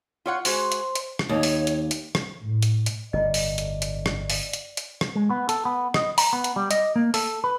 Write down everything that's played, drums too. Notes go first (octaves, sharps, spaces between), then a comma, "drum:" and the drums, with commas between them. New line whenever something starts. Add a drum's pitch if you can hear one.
F4 C#5 F#5
G#3 F#4 G#4 C5 C6, drum: open hi-hat
drum: hi-hat
drum: hi-hat
drum: rim click
D#2 C#5
drum: open hi-hat
drum: hi-hat
drum: hi-hat
drum: rim click
A2
drum: hi-hat
drum: hi-hat
G1 A2 D5 D#5
drum: open hi-hat
drum: hi-hat
drum: hi-hat
drum: rim click
drum: open hi-hat
drum: hi-hat
drum: hi-hat
drum: rim click
G#3
B3
A4, drum: hi-hat
B3
D#5, drum: rim click
A#5, drum: open hi-hat
B3
drum: hi-hat
G3
D#5, drum: hi-hat
A#3
A4, drum: open hi-hat
B4